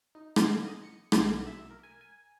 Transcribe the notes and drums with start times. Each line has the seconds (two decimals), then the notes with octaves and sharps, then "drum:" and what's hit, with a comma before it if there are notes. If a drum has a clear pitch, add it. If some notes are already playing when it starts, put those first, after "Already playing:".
0.15 D#4
0.36 F5, drum: rim click
0.67 D#5
0.83 C#7
1.12 B1, drum: rim click
1.46 E5
1.71 A#4
1.83 G#5
2.01 G#5